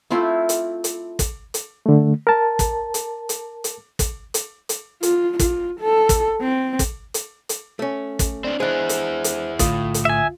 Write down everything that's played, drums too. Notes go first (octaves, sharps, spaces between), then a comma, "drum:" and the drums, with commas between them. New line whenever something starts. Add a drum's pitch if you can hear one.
A3 C4 E4 F4
drum: hi-hat
drum: hi-hat
drum: kick, hi-hat
drum: hi-hat
D3 A3
A#4 A5
drum: kick, hi-hat
drum: hi-hat
drum: hi-hat
drum: hi-hat
drum: kick, hi-hat
drum: hi-hat
drum: hi-hat
F4, drum: hi-hat
F4, drum: kick, hi-hat
A4
drum: kick, hi-hat
C4
drum: kick, hi-hat
drum: hi-hat
drum: hi-hat
A3 C#4
drum: kick, hi-hat
C4 D4 D5
G#3 D4 E4 G#4 C5 F#6
drum: hi-hat
drum: hi-hat
B1 A2 D3 F4 D#6, drum: kick, hi-hat
drum: hi-hat
E5 G#5